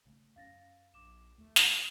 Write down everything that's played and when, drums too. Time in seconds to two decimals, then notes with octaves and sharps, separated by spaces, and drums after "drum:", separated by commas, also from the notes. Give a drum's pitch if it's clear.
0.05 G#1 C#3 A3
0.36 F#2 C#4 F5 A6 A#6
0.94 A#1 D6 E7
1.38 D#2 A3
1.56 drum: snare